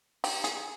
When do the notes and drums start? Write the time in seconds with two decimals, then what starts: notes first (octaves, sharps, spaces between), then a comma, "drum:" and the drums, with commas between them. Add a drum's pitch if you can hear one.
0.24 G4, drum: open hi-hat
0.44 G#4, drum: hi-hat